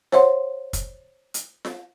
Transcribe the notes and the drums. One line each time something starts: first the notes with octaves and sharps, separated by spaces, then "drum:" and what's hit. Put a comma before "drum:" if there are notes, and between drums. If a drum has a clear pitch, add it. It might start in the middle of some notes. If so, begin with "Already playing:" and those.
C5 C#5 E5 F#5 C6, drum: snare F4
drum: kick, hi-hat
drum: hi-hat
drum: snare F4